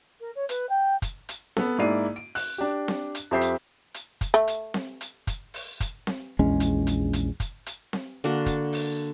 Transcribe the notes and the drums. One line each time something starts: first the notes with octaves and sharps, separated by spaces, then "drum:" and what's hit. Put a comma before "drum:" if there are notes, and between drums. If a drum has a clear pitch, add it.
A#4
C#5
B4, drum: hi-hat
G5
drum: kick, hi-hat
drum: hi-hat
B3 A4, drum: snare C4
G#2 A#3 E4 D5 C7 D#7
D7
F#6, drum: open hi-hat
D4 G4
drum: snare C4
drum: hi-hat
F2 C4 G4 E5 G6 C7
drum: hi-hat
drum: hi-hat
drum: kick, hi-hat
A3
drum: hi-hat
drum: snare C4
drum: hi-hat
drum: kick, hi-hat
drum: open hi-hat
drum: kick, hi-hat
drum: snare C4
A#1 E2 G#3 C#4
drum: hi-hat
drum: hi-hat
drum: hi-hat
drum: kick, hi-hat
drum: hi-hat
drum: snare C4
D3 A#3 F#4
drum: kick, hi-hat
drum: open hi-hat